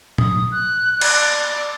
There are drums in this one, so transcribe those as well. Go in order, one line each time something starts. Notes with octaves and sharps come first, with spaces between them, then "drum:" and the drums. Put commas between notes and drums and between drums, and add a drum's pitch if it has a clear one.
D#6, drum: tom A#2
F#6
D5, drum: cymbal